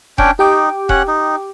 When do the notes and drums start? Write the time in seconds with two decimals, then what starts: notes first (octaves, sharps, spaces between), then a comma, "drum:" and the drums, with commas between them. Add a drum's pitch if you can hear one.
0.18 C#4 D4 G5, drum: kick E1
0.39 D#4 G4 G5 D6
0.89 C#4 F#5, drum: kick E1
1.08 D#4